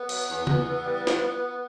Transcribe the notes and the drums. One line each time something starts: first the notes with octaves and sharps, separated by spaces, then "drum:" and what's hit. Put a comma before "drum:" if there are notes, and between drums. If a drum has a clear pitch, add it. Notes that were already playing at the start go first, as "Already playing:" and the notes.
Already playing: B3
F#3, drum: cymbal
E2
E2, drum: tom C#3
E3
G3
drum: snare